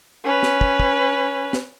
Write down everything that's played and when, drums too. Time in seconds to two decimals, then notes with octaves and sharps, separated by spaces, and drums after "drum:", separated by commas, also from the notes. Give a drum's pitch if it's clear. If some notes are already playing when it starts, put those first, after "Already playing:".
0.24 C#4 B4
0.43 drum: snare
0.61 drum: kick
0.80 drum: kick
1.53 drum: snare